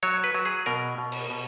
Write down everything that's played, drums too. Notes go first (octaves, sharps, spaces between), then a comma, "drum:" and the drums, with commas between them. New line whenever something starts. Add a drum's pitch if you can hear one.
F#3 C#5
B4
F#3
G#4
B2 A#4
B2
drum: cymbal
B2